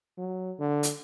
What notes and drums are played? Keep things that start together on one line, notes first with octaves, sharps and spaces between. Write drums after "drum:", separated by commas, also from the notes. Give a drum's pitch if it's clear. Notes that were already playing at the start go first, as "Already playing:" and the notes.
F#3
D3
drum: hi-hat